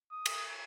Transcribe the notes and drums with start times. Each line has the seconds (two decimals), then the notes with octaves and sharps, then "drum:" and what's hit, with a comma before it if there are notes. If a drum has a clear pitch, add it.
0.12 D#6
0.26 drum: cymbal